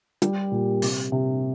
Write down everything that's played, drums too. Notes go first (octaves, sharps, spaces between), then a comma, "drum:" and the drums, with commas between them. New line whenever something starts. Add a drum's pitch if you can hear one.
G3, drum: hi-hat
A#2
C3, drum: open hi-hat
C3